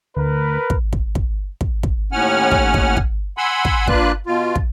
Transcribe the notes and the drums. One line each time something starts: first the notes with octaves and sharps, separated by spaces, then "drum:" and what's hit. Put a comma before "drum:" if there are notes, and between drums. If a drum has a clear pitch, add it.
D2 A#4 B4
drum: kick
drum: kick
drum: kick
drum: kick
drum: kick
D#2 A2 C#4 F#5 G#5 F6
drum: kick
drum: kick
drum: kick
F#5 G#5 B5 C6 E6
drum: kick
A#3 D4 F4 B4 F#6, drum: kick
B2 F4
drum: kick